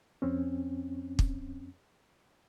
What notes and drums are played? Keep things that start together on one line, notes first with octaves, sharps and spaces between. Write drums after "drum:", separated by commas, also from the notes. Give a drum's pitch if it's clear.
F2 C4 C#4
drum: kick